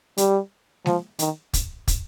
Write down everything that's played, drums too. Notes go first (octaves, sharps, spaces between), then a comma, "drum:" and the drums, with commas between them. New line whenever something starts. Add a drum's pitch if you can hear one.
G3, drum: hi-hat
F3, drum: snare G#3
D#3, drum: hi-hat
drum: kick, hi-hat
drum: kick, hi-hat